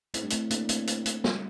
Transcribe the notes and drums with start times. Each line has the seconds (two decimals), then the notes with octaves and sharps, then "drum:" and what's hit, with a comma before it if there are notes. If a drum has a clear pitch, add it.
0.14 A2 A3 C4, drum: hi-hat
0.23 G2
0.30 A2 A3 C4, drum: hi-hat
0.50 A#3 D4, drum: hi-hat
0.69 A3 C4, drum: hi-hat
0.87 drum: hi-hat
1.06 A3, drum: hi-hat
1.24 G3, drum: snare